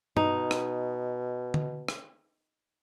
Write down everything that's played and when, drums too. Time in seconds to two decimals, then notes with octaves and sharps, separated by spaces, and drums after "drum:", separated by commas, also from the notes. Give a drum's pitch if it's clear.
0.17 B2 D#4, drum: tom G2
0.51 drum: rim click
1.54 drum: tom
1.89 drum: rim click